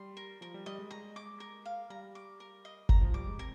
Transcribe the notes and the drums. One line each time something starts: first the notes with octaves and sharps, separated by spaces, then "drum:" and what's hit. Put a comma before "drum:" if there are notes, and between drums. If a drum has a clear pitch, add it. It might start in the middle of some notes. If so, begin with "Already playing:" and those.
Already playing: G3 C6
A#4
F3 A#4
G3
G3 D#5
G#3
G#3 A#5
D6
A#4
F5
G3 A#5
D6
A#4
D#5
A#5, drum: kick F#1
F3
G3 D6
G#3
C4 A#4